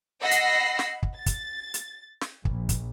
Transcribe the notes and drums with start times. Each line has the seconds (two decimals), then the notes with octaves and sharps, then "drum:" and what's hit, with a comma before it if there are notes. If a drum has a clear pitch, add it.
0.21 D#5 F#5 B5 E6 A#6 C7
0.31 drum: hi-hat
0.79 drum: snare
1.03 drum: kick
1.15 A6
1.26 drum: kick, hi-hat
1.74 drum: hi-hat
2.21 drum: snare
2.45 A#1, drum: kick
2.69 drum: kick, hi-hat